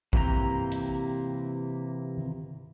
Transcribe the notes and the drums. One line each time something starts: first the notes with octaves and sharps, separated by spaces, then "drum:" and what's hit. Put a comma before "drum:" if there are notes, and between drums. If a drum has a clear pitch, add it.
C3 E3 A#3 E4 G4 A#5, drum: kick A1
drum: hi-hat
drum: tom D#3